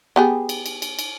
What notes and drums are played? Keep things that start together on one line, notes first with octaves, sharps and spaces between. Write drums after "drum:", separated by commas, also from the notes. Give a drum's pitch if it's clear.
B3 G4 G#4
drum: cymbal
drum: cymbal
drum: cymbal
drum: cymbal